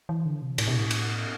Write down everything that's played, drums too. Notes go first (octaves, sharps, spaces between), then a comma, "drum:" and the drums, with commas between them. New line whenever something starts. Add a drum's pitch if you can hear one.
E3
D3
C3
A2, drum: cymbal
B2
A2
drum: cymbal